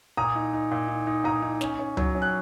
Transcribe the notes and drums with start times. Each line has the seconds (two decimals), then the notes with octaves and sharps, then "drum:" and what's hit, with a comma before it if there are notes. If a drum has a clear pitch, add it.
0.17 A#2 A#5 D#6
0.35 D#4
0.53 D#4
0.71 A#2
0.88 D#4
1.07 D#4
1.24 A#2 A#5 D#6
1.42 D#4
1.61 C#4, drum: snare
1.79 C#4
1.97 F#3, drum: tom C#2
2.15 C#4
2.22 F#6